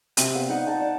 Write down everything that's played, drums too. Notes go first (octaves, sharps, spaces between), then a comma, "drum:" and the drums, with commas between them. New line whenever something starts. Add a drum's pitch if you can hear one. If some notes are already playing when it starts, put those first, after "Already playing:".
C3 C4, drum: hi-hat
B3 F5
D#4 F#5 A#5
C5 A5 A#5
D5